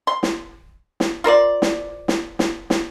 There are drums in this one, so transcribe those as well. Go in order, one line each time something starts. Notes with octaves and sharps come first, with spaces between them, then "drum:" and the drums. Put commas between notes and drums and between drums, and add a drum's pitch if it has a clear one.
C6
drum: snare
drum: snare
F4 A#4 C5 D5
drum: snare
drum: snare
drum: snare
drum: snare